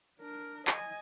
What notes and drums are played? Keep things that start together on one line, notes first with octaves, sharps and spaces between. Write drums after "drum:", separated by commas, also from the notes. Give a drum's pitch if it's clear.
D4 A#4
D#5 G#5, drum: clap